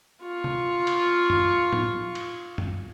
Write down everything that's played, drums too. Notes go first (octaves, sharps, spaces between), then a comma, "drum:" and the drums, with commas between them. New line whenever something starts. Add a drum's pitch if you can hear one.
F4 C#6
drum: tom C3
drum: cymbal
drum: tom F#2
drum: tom A2
drum: cymbal
drum: tom F#2